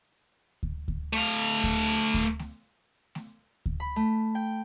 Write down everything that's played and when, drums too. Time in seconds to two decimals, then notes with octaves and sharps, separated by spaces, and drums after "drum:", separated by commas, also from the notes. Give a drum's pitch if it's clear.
0.63 drum: kick D2
0.88 drum: kick D2
1.13 A3 F5
1.64 drum: kick D2
2.14 drum: kick D2
2.39 drum: snare A3
3.15 drum: snare A3
3.66 drum: kick D2
3.80 B5
3.96 A3
4.35 G5